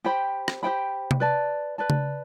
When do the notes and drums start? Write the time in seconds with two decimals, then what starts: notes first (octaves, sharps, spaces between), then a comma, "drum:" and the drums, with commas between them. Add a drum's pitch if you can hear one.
0.05 G4 C5 G5 B5
0.48 drum: rim click
0.63 G4 C5 G5 B5
1.11 drum: tom C3
1.20 B4 D5 A5
1.78 B4 D5 A5
1.90 drum: tom C#3